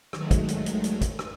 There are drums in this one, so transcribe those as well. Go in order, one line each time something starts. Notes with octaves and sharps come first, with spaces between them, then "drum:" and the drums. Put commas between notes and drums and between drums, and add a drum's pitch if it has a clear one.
D#3 F#3 G#3 A3, drum: rim click
drum: kick, hi-hat
drum: hi-hat
drum: hi-hat
drum: hi-hat
drum: kick, hi-hat
drum: rim click